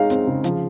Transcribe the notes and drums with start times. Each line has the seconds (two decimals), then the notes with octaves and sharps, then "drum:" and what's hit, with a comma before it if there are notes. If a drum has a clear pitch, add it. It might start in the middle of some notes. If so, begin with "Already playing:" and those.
Already playing: G#3 D#4 C#5 F5
0.10 C4, drum: hi-hat
0.27 C#3
0.44 F3, drum: hi-hat